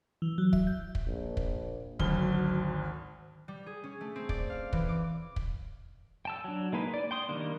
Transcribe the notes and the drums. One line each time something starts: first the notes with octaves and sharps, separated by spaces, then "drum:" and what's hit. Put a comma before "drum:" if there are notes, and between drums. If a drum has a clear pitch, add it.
E3
F#3
E5, drum: kick
G6
drum: kick
A#1
drum: kick
G#1 D2 F#3 G7, drum: kick
G3
G#4
C#4
A3
C4
D5, drum: kick
F5
E3, drum: kick
D6
drum: kick
G5 A5 E6
F#3 D4
G#3 A#3 D#4 B4
D5
G5 C6 D#6
D#3 G3 A#3 D4